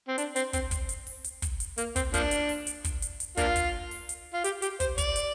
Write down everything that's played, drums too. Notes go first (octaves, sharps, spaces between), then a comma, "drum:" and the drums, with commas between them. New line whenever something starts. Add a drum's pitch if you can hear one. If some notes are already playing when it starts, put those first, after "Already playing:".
C4
D4, drum: hi-hat
C4, drum: hi-hat
C4, drum: kick, hi-hat
drum: kick, hi-hat
drum: hi-hat
drum: open hi-hat
drum: hi-hat
drum: kick, hi-hat
drum: hi-hat
A#3, drum: hi-hat
C4, drum: kick, hi-hat
F3 A#3 D4, drum: kick, hi-hat
drum: hi-hat
drum: open hi-hat
drum: hi-hat
drum: kick, hi-hat
drum: hi-hat
drum: hi-hat
A#3 D4 F4, drum: kick, hi-hat
drum: kick, hi-hat
drum: open hi-hat
drum: hi-hat
F4
G4, drum: hi-hat
G4, drum: hi-hat
C5, drum: kick, hi-hat
D5, drum: kick, hi-hat
drum: hi-hat